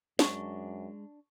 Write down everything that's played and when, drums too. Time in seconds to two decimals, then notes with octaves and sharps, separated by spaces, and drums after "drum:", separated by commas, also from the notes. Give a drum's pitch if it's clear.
0.19 F#2 G#3 D4 A5 C#6, drum: snare